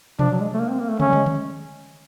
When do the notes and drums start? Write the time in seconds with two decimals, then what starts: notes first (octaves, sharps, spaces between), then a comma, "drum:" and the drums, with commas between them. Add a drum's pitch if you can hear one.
0.19 F3 D4, drum: tom B2
0.30 F#3
0.40 G#3
0.54 A3
0.60 A#3
0.70 C4
0.80 A#3
0.89 A3
1.00 A3 C#4, drum: tom
1.09 G3
1.13 G#3, drum: tom
1.26 drum: tom D3